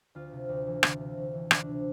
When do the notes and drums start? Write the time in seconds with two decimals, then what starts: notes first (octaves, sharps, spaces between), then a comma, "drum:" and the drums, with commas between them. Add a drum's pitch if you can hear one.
0.15 D2 F4
0.32 C3
0.49 D2
0.67 E3
0.83 D2 F4, drum: rim click
1.00 C3
1.17 D2
1.35 E3
1.51 D2 D4, drum: rim click
1.68 C3